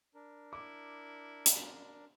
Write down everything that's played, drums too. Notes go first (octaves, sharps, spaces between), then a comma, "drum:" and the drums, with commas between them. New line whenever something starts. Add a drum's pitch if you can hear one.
D4 A#4
E4 D6
drum: hi-hat